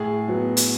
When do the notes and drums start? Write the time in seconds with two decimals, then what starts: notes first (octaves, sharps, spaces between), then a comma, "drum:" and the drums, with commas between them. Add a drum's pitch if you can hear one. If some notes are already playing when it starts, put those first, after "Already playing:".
Already playing: A2 G#4
0.28 F#3 B3
0.57 drum: hi-hat